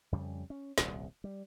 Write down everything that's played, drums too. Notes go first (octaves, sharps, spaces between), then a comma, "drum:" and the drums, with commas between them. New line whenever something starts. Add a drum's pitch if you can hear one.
F2 C#3 G3
C#4
D#1 C2, drum: snare
G3